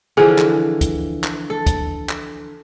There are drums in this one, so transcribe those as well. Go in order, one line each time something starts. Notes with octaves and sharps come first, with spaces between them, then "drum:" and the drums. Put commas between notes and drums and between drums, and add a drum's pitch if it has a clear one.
D3 E3 F3 G#4 G#5
drum: clap
drum: kick, hi-hat
drum: clap
A4
drum: kick, hi-hat
drum: clap